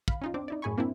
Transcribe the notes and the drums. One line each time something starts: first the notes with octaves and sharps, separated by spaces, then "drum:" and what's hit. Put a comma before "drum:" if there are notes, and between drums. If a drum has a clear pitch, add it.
F5 B5, drum: kick
C#4 D#4 F4
C4 D4 D6
D#4 E4 D5
F#2 A2 G#4 G#5 B5 C#6
A#3 C4 D4 E4